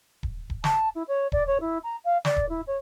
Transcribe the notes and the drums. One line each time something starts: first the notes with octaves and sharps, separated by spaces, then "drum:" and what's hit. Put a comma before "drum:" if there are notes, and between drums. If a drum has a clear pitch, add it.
drum: kick D#1
drum: kick D#1
A5, drum: snare
E4
C#5
D5, drum: kick D#1
C#5
E4
A#5
F5
D5, drum: snare
drum: kick D#1
E4
C#5